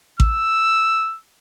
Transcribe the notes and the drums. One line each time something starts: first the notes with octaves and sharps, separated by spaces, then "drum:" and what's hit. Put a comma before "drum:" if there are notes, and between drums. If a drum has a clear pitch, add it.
E6, drum: kick A1